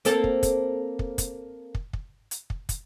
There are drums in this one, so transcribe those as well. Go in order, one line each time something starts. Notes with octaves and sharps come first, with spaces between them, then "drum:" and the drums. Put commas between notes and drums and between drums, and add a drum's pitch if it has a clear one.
A#3 C4 A4, drum: hi-hat
drum: kick
drum: kick, hi-hat
drum: kick
drum: kick, hi-hat
drum: kick
drum: kick
drum: hi-hat
drum: kick
drum: kick, hi-hat